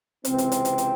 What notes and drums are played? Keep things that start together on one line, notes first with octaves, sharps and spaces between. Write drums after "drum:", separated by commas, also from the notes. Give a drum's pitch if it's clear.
C#2 C3 E3 C4, drum: hi-hat
drum: hi-hat
drum: hi-hat
drum: hi-hat
drum: hi-hat